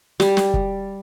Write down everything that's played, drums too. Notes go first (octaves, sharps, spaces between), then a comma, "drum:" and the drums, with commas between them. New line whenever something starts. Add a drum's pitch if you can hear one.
G3, drum: snare
drum: snare
drum: kick